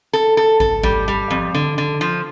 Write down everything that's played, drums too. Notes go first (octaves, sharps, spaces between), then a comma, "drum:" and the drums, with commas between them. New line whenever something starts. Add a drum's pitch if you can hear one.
A4
A4
A4, drum: kick G#1
G3, drum: kick G#1
G3
F2
D3
D3
F3